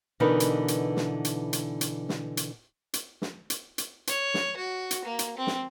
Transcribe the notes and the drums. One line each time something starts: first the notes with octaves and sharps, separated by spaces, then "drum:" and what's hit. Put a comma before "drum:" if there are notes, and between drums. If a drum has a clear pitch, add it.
B2 D3 E3 D#4 A#4 B4
drum: hi-hat
drum: hi-hat
drum: snare
drum: hi-hat
drum: hi-hat
drum: hi-hat
drum: snare
drum: hi-hat
drum: hi-hat
drum: snare
drum: hi-hat
drum: hi-hat
C#5, drum: hi-hat
drum: snare
F#4
drum: hi-hat
A#3
drum: hi-hat
C4
drum: snare